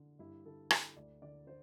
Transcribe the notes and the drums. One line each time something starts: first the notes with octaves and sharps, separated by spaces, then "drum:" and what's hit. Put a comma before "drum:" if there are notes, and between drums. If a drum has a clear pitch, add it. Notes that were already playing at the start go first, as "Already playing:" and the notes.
Already playing: D3
G2 E4
D3 A4
D3 A4, drum: rim click
D2 D5
D3 D5
D3 C5